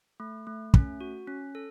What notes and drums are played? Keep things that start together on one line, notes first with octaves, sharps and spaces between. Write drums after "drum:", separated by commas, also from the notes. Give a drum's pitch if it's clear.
A3
A3
C#4, drum: kick
F#4
C#4
A4